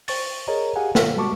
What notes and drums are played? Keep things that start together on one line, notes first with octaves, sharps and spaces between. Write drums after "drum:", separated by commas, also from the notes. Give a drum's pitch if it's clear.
C5 C#6 A6, drum: open hi-hat
G#4 A#4 C#5 D#5 A#5
G4 G#4 F5 F#5 G#5
C#5 F5, drum: snare
G3 G#3 F#4 A5 C#6 D6